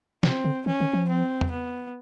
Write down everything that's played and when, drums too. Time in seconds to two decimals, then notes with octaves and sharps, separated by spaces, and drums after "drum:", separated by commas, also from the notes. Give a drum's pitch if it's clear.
0.23 C3 C4, drum: snare
0.45 D3
0.66 E3 C#4
0.81 D#3
0.93 F3
1.09 C4
1.41 drum: tom
1.51 B3